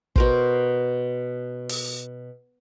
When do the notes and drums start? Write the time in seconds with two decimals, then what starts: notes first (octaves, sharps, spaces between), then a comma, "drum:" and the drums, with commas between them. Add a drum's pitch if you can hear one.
0.16 B2 A#4 C5, drum: kick
1.69 drum: open hi-hat